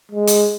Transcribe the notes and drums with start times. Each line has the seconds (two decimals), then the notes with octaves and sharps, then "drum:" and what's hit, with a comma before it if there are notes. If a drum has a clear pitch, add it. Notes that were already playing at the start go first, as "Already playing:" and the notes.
0.12 G#3
0.27 drum: hi-hat